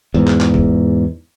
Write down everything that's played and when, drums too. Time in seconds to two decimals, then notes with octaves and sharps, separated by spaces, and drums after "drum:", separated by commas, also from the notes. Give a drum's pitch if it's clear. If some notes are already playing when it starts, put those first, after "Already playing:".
0.14 E2 G#2
0.28 drum: clap
0.41 drum: clap
0.54 drum: kick F#1